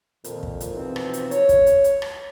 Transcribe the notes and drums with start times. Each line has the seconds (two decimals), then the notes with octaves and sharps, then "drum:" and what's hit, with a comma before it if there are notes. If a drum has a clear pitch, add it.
0.24 F2 A#2 D#3, drum: hi-hat
0.43 drum: kick
0.60 drum: hi-hat
0.74 G#2 B2 E3 F3 C4 D#4
0.96 drum: rim click
1.14 drum: hi-hat
1.31 C#5, drum: hi-hat
1.49 drum: kick, hi-hat
1.67 drum: hi-hat
1.84 drum: hi-hat
2.02 drum: rim click